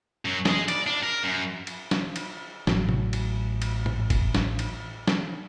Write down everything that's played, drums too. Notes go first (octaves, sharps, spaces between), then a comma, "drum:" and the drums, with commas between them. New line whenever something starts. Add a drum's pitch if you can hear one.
F#2 F#3
G#4 D#5, drum: snare
D5, drum: cymbal
D4
A#4
F#2
drum: cymbal
drum: snare
drum: cymbal
A1 F#3, drum: snare
drum: tom C3
drum: cymbal
drum: cymbal
drum: tom G#2
drum: kick F#1, cymbal
drum: snare
drum: cymbal
drum: snare